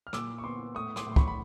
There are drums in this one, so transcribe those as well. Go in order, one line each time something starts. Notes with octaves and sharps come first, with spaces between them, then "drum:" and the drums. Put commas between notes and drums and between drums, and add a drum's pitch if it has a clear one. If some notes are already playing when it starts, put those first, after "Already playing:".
F6
A#2 D6 E6, drum: rim click
C#6
B3 C6 D6
A2 C#6 D#6
C6 D6, drum: rim click
A2
C6
B5 C#6, drum: kick
B5